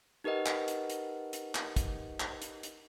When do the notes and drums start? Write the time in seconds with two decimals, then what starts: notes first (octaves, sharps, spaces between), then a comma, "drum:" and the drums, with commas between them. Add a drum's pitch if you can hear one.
0.24 D#4 G4 A#4 B4 D#5 F#5
0.46 drum: clap
0.68 drum: hi-hat
0.90 drum: hi-hat
1.33 drum: hi-hat
1.55 drum: clap
1.76 drum: kick, hi-hat
2.20 drum: clap
2.42 drum: hi-hat
2.63 drum: hi-hat